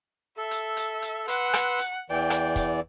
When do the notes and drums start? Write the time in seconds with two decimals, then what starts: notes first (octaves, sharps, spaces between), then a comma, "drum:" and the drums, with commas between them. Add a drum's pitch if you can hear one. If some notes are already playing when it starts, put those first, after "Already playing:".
0.38 A4 E5
0.51 drum: hi-hat
0.77 drum: hi-hat
1.02 drum: hi-hat
1.28 B4 F#5 C6 E6, drum: hi-hat
1.53 drum: rim click
1.79 drum: hi-hat
2.10 E2 E3 D5 G5
2.30 drum: rim click
2.56 drum: kick, hi-hat